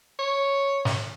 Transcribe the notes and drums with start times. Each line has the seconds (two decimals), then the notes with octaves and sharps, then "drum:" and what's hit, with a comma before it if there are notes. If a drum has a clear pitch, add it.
0.19 C#5
0.85 drum: snare